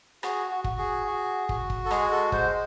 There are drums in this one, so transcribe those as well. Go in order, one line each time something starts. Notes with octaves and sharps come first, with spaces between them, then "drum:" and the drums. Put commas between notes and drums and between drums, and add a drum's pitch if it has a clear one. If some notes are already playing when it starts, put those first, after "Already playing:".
F#4 G#4, drum: rim click
F#4
F#4, drum: kick
G#4
F#4
F#4, drum: kick
drum: kick
A4
G#3 G#4, drum: rim click
A4
G#3 C5, drum: kick